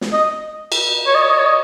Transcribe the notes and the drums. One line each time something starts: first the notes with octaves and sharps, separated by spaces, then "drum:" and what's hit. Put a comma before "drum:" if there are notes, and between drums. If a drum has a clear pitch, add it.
drum: snare
D#5
drum: cymbal
C#5
D#5
C#5
D#5
C#5
D#5